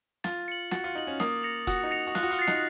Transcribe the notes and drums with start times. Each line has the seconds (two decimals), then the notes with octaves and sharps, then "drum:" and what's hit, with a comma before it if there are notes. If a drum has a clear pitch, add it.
0.24 F4 A6, drum: snare
0.48 C#7 F#7
0.71 F#4 A6, drum: snare
0.84 F4
0.95 D#4 C#7 F#7
1.07 C#4
1.20 A#3 D#6, drum: snare
1.43 A#6 C#7 F7
1.67 F#4 D#6, drum: kick, hi-hat
1.83 D#4
1.91 A#6 C#7 F7
2.07 F#4
2.15 F4 F#6, drum: snare
2.23 F#4
2.31 F4, drum: hi-hat
2.39 A6 C7
2.47 D#4, drum: snare